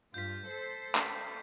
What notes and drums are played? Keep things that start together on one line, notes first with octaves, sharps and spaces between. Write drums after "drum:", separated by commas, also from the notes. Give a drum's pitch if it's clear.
G2 F4 G6 B6
A4 C5
B6, drum: clap